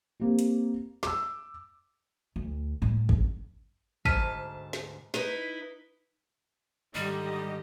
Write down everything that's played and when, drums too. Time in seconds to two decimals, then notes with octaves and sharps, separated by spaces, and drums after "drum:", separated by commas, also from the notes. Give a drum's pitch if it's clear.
0.20 A#3 C4 G4
0.39 drum: hi-hat
1.03 D6 E6, drum: snare
2.36 D2
2.82 A2, drum: tom
3.09 F#1, drum: kick
4.05 D2 G#2 A5 F6 B6 D#7, drum: kick
4.73 drum: snare
5.14 D#4 E4 B4, drum: snare
6.95 G#2 D3 D#3 G3 D#4 G4 D#5